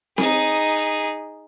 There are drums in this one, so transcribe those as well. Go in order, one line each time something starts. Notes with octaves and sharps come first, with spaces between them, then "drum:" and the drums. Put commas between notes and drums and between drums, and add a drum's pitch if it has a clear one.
D#4 G#4, drum: snare C4
drum: hi-hat